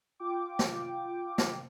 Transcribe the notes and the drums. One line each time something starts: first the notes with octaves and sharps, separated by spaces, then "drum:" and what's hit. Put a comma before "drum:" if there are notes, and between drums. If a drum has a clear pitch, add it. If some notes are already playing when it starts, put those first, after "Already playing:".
F4 G5 D6
drum: snare
drum: snare